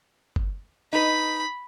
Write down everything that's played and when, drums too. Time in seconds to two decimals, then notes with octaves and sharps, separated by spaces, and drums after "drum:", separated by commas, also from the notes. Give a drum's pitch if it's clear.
0.36 drum: kick
0.93 D#4 B4 B5